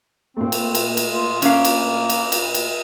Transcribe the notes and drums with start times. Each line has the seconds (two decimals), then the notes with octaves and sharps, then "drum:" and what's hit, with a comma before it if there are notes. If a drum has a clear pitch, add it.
0.37 A#2 A3 C4
0.52 drum: cymbal
0.75 drum: cymbal
0.97 drum: cymbal
1.12 F4
1.42 A#3 C#4 D4 F5, drum: cymbal
1.65 drum: cymbal
2.10 drum: cymbal
2.32 drum: cymbal
2.55 drum: cymbal